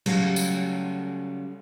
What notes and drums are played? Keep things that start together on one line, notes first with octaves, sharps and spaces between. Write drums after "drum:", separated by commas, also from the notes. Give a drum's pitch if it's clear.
C#3 F#3 G3 A3 G4 A4, drum: cymbal
drum: tambourine